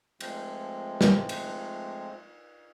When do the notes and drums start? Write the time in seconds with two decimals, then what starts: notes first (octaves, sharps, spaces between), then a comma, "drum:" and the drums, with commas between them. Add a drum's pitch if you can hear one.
0.20 F3 G#3 A3 C4, drum: cymbal
1.01 drum: snare
1.29 drum: cymbal